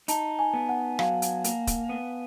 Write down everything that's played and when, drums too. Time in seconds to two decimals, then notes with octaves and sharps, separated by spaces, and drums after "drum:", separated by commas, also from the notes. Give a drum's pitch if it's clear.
0.08 D#4 A5, drum: hi-hat
0.39 G#5
0.53 B3
0.69 F#5
0.99 F#3 F5, drum: rim click
1.22 drum: hi-hat
1.44 A#3, drum: hi-hat
1.67 drum: kick D#1, hi-hat
1.89 B3